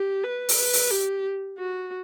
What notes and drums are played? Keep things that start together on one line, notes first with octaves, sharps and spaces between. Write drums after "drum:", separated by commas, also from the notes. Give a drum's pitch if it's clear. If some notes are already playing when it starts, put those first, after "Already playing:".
Already playing: G4
B4
drum: open hi-hat
B4
drum: open hi-hat
G4
F#4